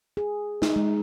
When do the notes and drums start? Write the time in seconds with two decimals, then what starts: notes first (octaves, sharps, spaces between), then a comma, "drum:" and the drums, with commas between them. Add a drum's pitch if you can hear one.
0.17 G#4
0.62 D#4, drum: snare
0.76 G#3